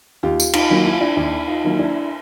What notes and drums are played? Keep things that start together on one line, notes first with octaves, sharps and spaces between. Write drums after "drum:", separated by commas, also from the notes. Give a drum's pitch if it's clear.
D#2 F4 G4
drum: tambourine
D#4 F4, drum: cymbal
D#3 F#3 A#3
E4
F4
D4 E4
D#2 D4 E4
D#4 F4
D#3 F#3 A#3
D4 E4